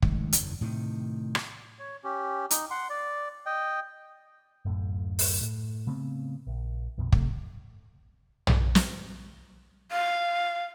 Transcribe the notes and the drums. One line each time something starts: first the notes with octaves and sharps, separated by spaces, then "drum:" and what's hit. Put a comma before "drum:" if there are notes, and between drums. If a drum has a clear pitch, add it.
F#1 D#3 G#3 A3, drum: kick
F#1 E2, drum: hi-hat
A2 C3 D#3
drum: rim click
C#5
C#4 G4
D#4, drum: hi-hat
F#5 C6
D5
D#5 G5
D1 F#2 A2
drum: open hi-hat
A2
C#3 A3 B3 C4
A#1
A#1 F2 B2
C3 A3, drum: kick
drum: tom
drum: snare
F5